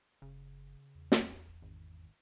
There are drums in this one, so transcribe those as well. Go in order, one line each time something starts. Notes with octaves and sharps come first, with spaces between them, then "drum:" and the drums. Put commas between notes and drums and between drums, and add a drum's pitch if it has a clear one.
F#1 C#3
E2
drum: snare
G#1